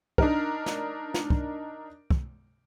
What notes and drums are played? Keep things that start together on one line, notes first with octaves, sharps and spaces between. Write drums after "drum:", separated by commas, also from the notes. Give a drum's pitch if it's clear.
D4 D#4 A#4, drum: kick
drum: snare
drum: snare
drum: kick
drum: kick